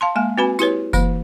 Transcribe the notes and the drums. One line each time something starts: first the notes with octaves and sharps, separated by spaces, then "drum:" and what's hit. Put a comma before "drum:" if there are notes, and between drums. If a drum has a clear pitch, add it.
F5 A5 C6
G#3 A#3 G#5
C4 F#4 B4 G#5 B5
E4 G4 B4 C#5, drum: tambourine
E3 A#3, drum: kick F#1, tambourine